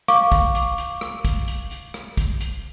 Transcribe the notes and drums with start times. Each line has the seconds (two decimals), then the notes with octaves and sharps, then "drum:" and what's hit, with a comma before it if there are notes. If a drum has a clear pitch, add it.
0.08 F5 C#6 D6, drum: rim click
0.32 drum: kick, hi-hat
0.55 drum: hi-hat
0.78 drum: hi-hat
1.01 drum: rim click
1.25 drum: kick, hi-hat
1.48 drum: hi-hat
1.71 drum: hi-hat
1.94 drum: rim click
2.17 drum: kick, hi-hat
2.41 drum: hi-hat